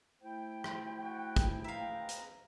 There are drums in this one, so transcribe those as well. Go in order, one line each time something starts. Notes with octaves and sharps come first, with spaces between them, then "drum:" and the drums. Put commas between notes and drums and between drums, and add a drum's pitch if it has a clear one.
A3 E4 C5 G5
drum: rim click
F#4 F#5
drum: kick, hi-hat
G#3 B4 E5 F5 A#5
drum: hi-hat